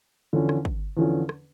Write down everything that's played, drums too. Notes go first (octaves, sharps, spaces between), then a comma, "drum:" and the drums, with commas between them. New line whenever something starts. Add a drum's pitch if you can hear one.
E2 D3 F3 C#4
drum: rim click
drum: kick
E2 D3 F3 C#4
drum: rim click